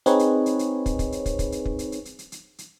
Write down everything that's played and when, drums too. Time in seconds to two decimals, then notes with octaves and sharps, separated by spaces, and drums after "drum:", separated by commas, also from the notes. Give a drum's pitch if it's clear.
0.06 C4 D#4 G#4 B4 C#5, drum: hi-hat
0.19 drum: hi-hat
0.46 drum: hi-hat
0.59 drum: hi-hat
0.86 drum: kick, hi-hat
0.99 drum: kick, hi-hat
1.12 drum: hi-hat
1.26 drum: kick, hi-hat
1.39 drum: kick, hi-hat
1.52 drum: hi-hat
1.65 drum: kick
1.79 drum: hi-hat
1.92 drum: hi-hat
2.05 drum: hi-hat
2.19 drum: hi-hat
2.32 drum: hi-hat
2.58 drum: hi-hat